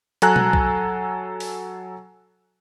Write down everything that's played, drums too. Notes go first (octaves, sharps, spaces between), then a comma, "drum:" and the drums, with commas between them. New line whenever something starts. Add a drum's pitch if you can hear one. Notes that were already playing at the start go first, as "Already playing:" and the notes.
F#3 A4 G#5 A#5 F#6, drum: hi-hat
drum: tom B2
drum: kick B1
drum: open hi-hat